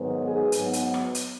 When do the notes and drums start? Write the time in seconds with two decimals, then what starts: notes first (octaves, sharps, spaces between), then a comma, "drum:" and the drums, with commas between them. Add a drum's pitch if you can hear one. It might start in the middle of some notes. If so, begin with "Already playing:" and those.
Already playing: G#2 D#3 F#3 B3
0.22 G#4
0.52 G#2 F#3 B3, drum: hi-hat
0.73 drum: hi-hat
0.94 drum: rim click
1.15 drum: hi-hat